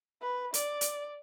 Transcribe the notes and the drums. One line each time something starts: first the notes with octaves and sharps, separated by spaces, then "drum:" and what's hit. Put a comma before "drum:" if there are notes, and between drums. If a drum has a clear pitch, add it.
B4
D5, drum: hi-hat
drum: hi-hat